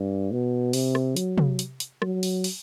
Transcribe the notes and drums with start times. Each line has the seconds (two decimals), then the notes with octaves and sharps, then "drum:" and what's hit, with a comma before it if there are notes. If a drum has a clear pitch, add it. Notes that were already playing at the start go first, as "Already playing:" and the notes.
Already playing: G2
0.31 B2
0.73 C3, drum: open hi-hat
0.95 drum: rim click
1.16 F#3, drum: hi-hat
1.38 drum: tom C3
1.59 drum: hi-hat
1.80 drum: hi-hat
2.02 F#3, drum: rim click
2.23 drum: open hi-hat
2.44 drum: open hi-hat